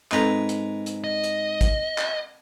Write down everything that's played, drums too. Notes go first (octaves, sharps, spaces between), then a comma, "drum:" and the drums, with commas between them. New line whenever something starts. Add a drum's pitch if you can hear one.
G#2 C4 A4 B4 A#5, drum: clap
drum: hi-hat
drum: hi-hat
D#5
drum: hi-hat
drum: kick, hi-hat
drum: clap